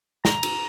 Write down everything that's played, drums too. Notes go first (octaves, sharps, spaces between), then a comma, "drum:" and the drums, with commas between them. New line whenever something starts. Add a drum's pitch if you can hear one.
A#5, drum: snare
drum: cymbal